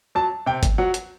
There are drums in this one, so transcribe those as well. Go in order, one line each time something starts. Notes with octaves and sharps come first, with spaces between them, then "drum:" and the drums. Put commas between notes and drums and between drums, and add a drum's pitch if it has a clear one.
F#3 A5
C3 G5
drum: kick G1, hi-hat
F#3 F#5
drum: hi-hat